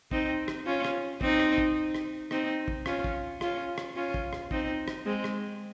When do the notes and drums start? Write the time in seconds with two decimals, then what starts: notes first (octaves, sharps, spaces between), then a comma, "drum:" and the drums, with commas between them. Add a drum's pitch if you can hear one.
0.11 C4 D#4, drum: kick
0.48 drum: rim click
0.66 C#4 F4
0.85 drum: rim click
1.21 C4 D#4, drum: kick
1.40 drum: rim click
1.58 drum: kick
1.94 drum: rim click
2.31 C4 D#4, drum: rim click
2.68 drum: kick
2.86 C#4 F4, drum: rim click
3.04 drum: kick
3.41 C#4 F4, drum: rim click
3.78 drum: rim click
3.96 C#4 F4
4.14 drum: kick
4.33 drum: rim click
4.51 C4 D#4, drum: kick
4.88 drum: rim click
5.05 G#3 C4
5.24 drum: rim click